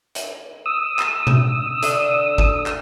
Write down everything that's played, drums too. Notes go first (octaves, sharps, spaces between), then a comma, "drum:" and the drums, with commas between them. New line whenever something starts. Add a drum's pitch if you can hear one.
drum: hi-hat
D#6 E6
drum: clap
drum: tom B2
D3, drum: hi-hat
drum: kick G1
drum: clap